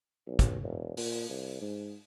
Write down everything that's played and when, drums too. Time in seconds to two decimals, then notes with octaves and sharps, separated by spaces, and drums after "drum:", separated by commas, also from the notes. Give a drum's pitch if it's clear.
0.27 B1
0.39 drum: kick, hi-hat
0.63 E1
0.97 A#2, drum: open hi-hat
1.29 C2
1.61 G#2